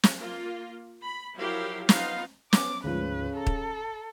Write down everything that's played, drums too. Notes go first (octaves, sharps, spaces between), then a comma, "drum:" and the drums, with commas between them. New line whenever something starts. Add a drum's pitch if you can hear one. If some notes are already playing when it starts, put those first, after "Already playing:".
drum: snare
A#3 F4
B5
F3 F#3 E4 G4 A#4 F5
B3 D#4 F4 F5, drum: snare
B3 C#4 D6, drum: snare
D2 G#2 C#3 F3 B4
A4 A#5
drum: kick